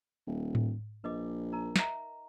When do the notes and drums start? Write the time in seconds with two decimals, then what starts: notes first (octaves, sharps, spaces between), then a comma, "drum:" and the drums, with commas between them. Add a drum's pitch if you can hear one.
0.27 D#1
0.55 drum: tom A2
1.04 A#1 B4 D#5 D6
1.52 D#4 A#4 A#5
1.76 D#5 E5 A#5, drum: snare